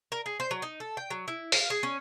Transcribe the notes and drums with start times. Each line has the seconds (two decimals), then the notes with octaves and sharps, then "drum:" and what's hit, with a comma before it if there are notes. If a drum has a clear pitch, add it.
0.12 A#4
0.26 G#4
0.40 C5
0.51 F#3
0.62 D#4
0.80 A4
0.97 G5
1.10 F#3
1.28 E4
1.52 F5, drum: open hi-hat
1.70 G#4
1.83 C#4